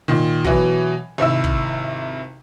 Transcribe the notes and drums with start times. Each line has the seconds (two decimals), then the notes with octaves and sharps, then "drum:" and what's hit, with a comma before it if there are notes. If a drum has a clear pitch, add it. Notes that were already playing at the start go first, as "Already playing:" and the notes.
0.08 A#2 D#3
0.44 B2 E3 F#3, drum: kick
1.18 G#1 C3 E4 E6
1.44 drum: kick